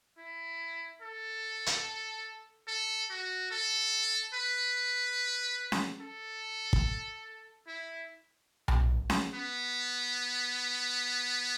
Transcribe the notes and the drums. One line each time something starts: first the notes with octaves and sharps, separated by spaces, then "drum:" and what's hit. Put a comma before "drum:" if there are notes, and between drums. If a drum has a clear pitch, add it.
E4
A4
drum: hi-hat
A4
F#4
A4
B4
drum: snare C#4
A4
drum: kick
E4
drum: tom B1
drum: snare C#4
B3